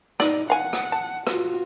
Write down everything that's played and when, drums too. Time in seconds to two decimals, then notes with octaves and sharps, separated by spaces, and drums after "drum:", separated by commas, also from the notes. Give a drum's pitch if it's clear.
0.20 D#4 D5, drum: rim click
0.50 F5 F#5 G#5
0.73 drum: rim click
0.92 A5
1.27 F4 F#4, drum: rim click